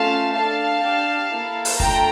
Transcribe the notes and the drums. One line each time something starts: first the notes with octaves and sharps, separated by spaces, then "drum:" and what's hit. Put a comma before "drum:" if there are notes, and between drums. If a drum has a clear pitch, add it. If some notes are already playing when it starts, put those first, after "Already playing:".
Already playing: A3 C#4 F4 F5 A5
D4 A4 F5 A5
D4 G4
A#3 E4 A4
drum: open hi-hat
A3 D4 F4 A4 G5 A#5, drum: kick